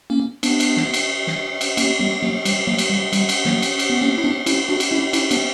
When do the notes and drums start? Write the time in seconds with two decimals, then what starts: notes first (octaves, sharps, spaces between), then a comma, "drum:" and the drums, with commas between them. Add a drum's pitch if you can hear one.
0.10 A#3 C#4
0.43 B3 D4, drum: cymbal
0.60 drum: cymbal
0.77 drum: snare
0.94 drum: cymbal
1.27 drum: snare
1.61 drum: cymbal
1.77 A#3 C#4, drum: cymbal
1.99 G3 B3
2.22 F#3 A#3
2.45 G3, drum: cymbal
2.67 F#3 A#3
2.78 drum: cymbal
2.90 G3
3.13 G3, drum: cymbal
3.29 drum: cymbal
3.45 F#3 A#3, drum: snare
3.62 drum: cymbal
3.79 drum: cymbal
3.90 B3
4.01 A#3 C#4
4.18 E4
4.24 B3 D4
4.46 C#4 E4, drum: cymbal
4.69 D4 F#4
4.80 drum: cymbal
4.91 C#4 E4
5.13 C#4 E4, drum: cymbal
5.31 B3 D4, drum: cymbal